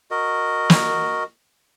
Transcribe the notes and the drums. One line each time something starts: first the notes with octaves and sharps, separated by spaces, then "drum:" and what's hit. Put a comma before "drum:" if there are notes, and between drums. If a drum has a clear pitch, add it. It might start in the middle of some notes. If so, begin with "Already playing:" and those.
F#4 A#4 D#5
drum: snare